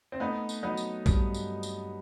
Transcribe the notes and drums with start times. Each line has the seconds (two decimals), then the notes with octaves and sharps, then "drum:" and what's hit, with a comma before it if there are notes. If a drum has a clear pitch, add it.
0.12 C4
0.20 A3 B3 D#4
0.49 drum: tambourine
0.63 F#3 B3 D#4
0.77 drum: tambourine
1.06 G2, drum: kick, tambourine
1.34 drum: tambourine
1.63 drum: tambourine